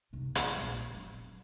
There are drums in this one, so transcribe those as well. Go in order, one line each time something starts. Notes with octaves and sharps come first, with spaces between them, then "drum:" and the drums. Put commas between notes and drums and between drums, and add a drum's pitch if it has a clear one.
D#2 C3
E3 D4, drum: hi-hat
A#1 A#2
F#3 C4